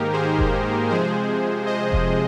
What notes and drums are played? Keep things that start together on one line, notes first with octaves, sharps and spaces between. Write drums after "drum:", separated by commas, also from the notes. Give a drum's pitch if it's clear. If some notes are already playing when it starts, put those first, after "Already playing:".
Already playing: G#2 D#3 A#3 D#4 G4 A#4
G#4 C5
drum: kick F1
C3 F3 G#3 G#4 C5
C5 D#5
drum: kick F1